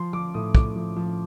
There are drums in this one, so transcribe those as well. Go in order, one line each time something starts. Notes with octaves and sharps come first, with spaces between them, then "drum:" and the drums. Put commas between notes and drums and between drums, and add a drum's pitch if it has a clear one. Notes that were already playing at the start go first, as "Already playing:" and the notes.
Already playing: F3 C6
F3 D6
A2 D#6
A2 D6, drum: kick
F3
F3